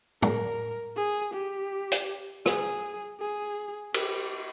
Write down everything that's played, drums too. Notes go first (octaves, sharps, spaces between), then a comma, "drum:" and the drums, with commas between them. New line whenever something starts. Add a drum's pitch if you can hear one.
A#4, drum: tom
G#4
G4
drum: hi-hat
G#4, drum: rim click
G#4
G4, drum: cymbal